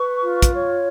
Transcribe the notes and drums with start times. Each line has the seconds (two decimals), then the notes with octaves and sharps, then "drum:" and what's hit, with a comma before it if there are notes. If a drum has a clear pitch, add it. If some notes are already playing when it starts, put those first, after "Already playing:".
Already playing: B4 C#6
0.23 F4
0.42 drum: kick, hi-hat
0.52 C#5